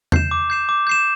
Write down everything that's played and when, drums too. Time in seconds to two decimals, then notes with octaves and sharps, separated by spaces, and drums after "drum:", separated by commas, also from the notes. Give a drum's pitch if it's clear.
0.12 G6 C7 E7, drum: tom E2
0.31 D6
0.50 G6 C7 E7
0.69 D6
0.87 G6 C7 E7